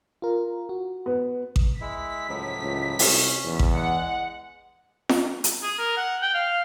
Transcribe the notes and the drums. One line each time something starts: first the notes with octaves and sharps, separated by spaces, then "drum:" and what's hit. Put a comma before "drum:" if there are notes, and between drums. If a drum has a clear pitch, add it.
F4 A#4
F#4
B3
drum: kick A1
G#3 E4 B6
C#2 A2 F3 F#3
C#2
C2 C#4, drum: open hi-hat
E2
drum: kick A1
G#3 F#5
drum: snare F4
drum: hi-hat
G#4
A#4
F#5
G5
F5